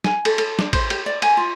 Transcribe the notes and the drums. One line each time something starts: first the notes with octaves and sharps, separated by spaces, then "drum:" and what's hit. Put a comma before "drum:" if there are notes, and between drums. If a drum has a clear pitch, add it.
G#5, drum: snare
A4, drum: cymbal
A4, drum: cymbal
D4, drum: snare
C5, drum: kick A1, cymbal
G4, drum: cymbal
D5
G#5, drum: cymbal
F4